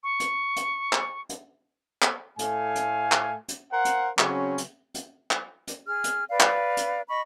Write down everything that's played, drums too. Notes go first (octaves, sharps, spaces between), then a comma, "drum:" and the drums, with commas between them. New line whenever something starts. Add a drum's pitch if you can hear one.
C#6
drum: hi-hat
drum: hi-hat
drum: clap
drum: hi-hat
drum: clap
A2 A3 F5 G#5, drum: hi-hat
drum: hi-hat
drum: clap
drum: hi-hat
A#4 C5 F5 F#5
drum: hi-hat
C#3 F#3 C4 C#4, drum: clap
drum: hi-hat
drum: hi-hat
drum: clap
drum: hi-hat
G#4 F6
drum: hi-hat
B4 D5 F5
drum: clap
drum: hi-hat
D#5 B5 C#6